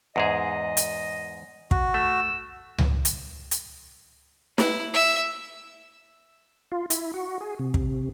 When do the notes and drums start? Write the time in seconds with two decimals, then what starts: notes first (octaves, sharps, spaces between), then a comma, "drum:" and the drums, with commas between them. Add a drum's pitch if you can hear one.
0.16 E2 G#2 G#4 D#5
0.77 drum: hi-hat
1.71 F#4, drum: kick
1.94 A3 E6
2.78 drum: tom C#2
3.05 drum: hi-hat
3.51 drum: hi-hat
4.58 E4, drum: snare
4.94 E5
6.72 F4
6.90 E4, drum: hi-hat
7.14 F#4
7.41 G#4
7.59 C3
7.74 drum: kick